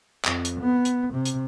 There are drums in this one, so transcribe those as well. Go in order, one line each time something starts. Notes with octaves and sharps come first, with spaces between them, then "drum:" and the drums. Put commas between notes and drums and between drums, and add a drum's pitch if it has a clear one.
F2, drum: clap
drum: hi-hat
B3
drum: hi-hat
C3
drum: hi-hat